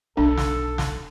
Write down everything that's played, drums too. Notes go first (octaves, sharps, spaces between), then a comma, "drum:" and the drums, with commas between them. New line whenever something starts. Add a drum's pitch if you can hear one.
B1 D4 D#4 A4
drum: snare
drum: snare